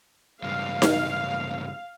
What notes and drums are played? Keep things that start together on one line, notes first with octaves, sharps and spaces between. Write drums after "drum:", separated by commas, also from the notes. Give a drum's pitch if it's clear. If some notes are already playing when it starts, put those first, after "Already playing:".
C#2 G2 F5
drum: snare D#4